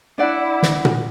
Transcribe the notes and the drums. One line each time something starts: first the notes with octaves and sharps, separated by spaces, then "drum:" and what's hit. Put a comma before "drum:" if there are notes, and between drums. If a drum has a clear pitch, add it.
D4 E4 D5 F#5
drum: snare
drum: tom A#2